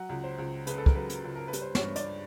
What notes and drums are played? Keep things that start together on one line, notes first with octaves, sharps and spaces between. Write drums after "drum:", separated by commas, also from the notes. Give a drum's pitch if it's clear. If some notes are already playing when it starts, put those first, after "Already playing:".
Already playing: F#3 F#5
C#2
C5
C#2
C#3 B4, drum: hi-hat
A4
A#4, drum: kick
F#3 B4
drum: hi-hat
C#2
A#4
B4
G3, drum: hi-hat
C5
C#5, drum: snare
G2
D5, drum: hi-hat